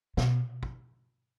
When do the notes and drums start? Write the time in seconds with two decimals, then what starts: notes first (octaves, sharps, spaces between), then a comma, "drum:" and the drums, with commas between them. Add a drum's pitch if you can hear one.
0.17 B2, drum: snare
0.63 drum: kick